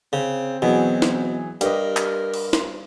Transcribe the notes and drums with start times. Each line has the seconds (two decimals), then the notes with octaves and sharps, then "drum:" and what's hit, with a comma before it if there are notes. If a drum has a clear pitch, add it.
0.13 C#3 C4
0.62 B2 E3 F#3 G#4
1.02 drum: snare
1.61 G2 G4 A#4 B4 D#5, drum: hi-hat
1.97 drum: clap
2.34 drum: cymbal
2.53 drum: snare